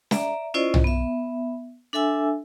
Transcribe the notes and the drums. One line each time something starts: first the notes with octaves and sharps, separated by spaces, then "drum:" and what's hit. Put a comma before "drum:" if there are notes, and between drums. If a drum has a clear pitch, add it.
D5 E5 A#5, drum: snare
C#4 E4 F4 C5 D5 D#5
drum: tom
B3 E5
D4 A4 E5 G#5 E6